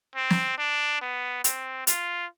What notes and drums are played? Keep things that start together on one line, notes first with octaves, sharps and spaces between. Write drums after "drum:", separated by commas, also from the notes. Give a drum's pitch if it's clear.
C4
drum: snare
D4
B3
C4, drum: hi-hat
F4, drum: hi-hat